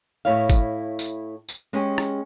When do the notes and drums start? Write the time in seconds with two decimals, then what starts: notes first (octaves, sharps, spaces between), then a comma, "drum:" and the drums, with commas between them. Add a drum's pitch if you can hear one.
0.25 A2 E4 C#5 F5
0.50 drum: kick G1, tambourine
0.99 drum: tambourine
1.49 drum: tambourine
1.73 G#3 C#4 G4 G#4
1.98 drum: rim click